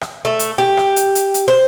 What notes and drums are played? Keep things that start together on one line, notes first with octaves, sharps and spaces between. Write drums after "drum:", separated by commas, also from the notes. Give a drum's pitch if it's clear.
drum: rim click
A3
drum: hi-hat
G4
drum: rim click
drum: hi-hat
drum: hi-hat
drum: hi-hat
C5